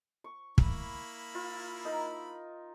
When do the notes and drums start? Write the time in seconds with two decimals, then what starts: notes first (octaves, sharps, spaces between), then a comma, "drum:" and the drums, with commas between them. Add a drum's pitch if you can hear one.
0.24 C#6
0.58 A#3 E4 B5, drum: kick
1.34 F4
1.85 D#4 A#4